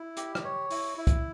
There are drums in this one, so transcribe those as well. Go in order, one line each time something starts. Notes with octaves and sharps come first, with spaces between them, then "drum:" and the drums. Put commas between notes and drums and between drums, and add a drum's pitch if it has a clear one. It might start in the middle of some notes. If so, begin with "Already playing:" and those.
Already playing: E4
G4, drum: hi-hat
drum: rim click
C#5
E4, drum: open hi-hat
E4
drum: kick, hi-hat